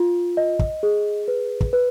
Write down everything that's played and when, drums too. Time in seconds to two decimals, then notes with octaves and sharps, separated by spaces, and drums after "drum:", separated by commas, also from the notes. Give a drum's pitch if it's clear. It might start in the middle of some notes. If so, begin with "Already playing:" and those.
Already playing: F4
0.37 D#5
0.59 drum: kick
0.83 G#4
1.28 B4
1.61 drum: kick
1.73 B4